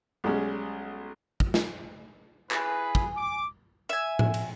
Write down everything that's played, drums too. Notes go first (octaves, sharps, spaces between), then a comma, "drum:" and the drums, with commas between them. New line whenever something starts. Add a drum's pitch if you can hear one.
B1 G3 G#3 C#4 G#4
drum: kick
drum: snare
E4 G#4 B4 G#5, drum: clap
drum: kick
D6
E5 G#5
drum: tom A2
drum: cymbal